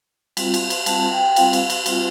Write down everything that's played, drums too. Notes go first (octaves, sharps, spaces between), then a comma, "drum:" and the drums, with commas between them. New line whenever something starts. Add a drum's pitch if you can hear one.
G3 C4 F4, drum: cymbal
drum: cymbal
drum: cymbal
G3 C4 F4 A5, drum: cymbal
G5
G5
G3 C4 F4 F5, drum: cymbal
drum: cymbal
drum: cymbal
G3 C4 F4, drum: cymbal